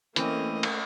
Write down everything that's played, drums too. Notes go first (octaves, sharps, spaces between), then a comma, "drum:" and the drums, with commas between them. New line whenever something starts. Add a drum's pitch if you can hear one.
E3 A3 A#3 C4 C#4 D#5, drum: hi-hat
drum: cymbal